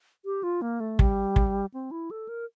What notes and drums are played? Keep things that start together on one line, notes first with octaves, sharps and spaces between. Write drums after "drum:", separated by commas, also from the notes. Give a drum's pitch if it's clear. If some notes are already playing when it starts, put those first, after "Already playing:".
G4
F4
A#3
A3
G3, drum: kick
drum: kick
C4
E4
A4
A#4